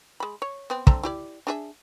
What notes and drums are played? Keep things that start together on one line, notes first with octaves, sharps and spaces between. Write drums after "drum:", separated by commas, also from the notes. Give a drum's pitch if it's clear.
G#3 B5
C#5
B3 C4
D3 C4 A#5, drum: kick
E4 G4 D5
D4 G#4 E5